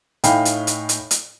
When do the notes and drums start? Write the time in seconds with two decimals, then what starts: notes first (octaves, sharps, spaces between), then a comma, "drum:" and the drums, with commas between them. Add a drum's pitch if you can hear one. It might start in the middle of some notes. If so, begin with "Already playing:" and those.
0.24 A2 D#4 F5 G5 G#5 B5, drum: hi-hat
0.45 drum: hi-hat
0.67 drum: hi-hat
0.89 drum: hi-hat
1.11 drum: hi-hat